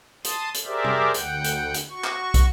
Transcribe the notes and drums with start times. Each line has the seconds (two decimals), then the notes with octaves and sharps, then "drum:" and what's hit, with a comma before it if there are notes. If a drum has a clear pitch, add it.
0.24 A5 C6 D#6, drum: hi-hat
0.54 drum: hi-hat
0.65 G4 G#4 A#4 C5 D5 E5
0.84 drum: tom B2
1.14 D2 F#5 G5, drum: hi-hat
1.44 drum: hi-hat
1.74 drum: hi-hat
1.90 F#4 C#6
2.04 drum: clap
2.34 drum: kick, hi-hat